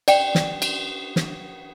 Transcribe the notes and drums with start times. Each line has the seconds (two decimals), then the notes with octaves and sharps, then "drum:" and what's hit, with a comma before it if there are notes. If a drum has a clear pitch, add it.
0.08 D5 G5, drum: cymbal
0.35 drum: snare
0.62 drum: cymbal
1.16 drum: snare